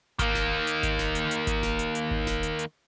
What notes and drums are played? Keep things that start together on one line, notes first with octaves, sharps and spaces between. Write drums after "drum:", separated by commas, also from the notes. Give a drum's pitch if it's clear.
D#3 A#3, drum: kick G#1, hi-hat
drum: snare E1
drum: hi-hat
drum: kick G#1, hi-hat
drum: snare E1
drum: hi-hat
drum: hi-hat
drum: kick G#1, hi-hat
drum: snare E1
drum: hi-hat
drum: hi-hat
drum: kick G#1
drum: snare E1
drum: hi-hat
drum: hi-hat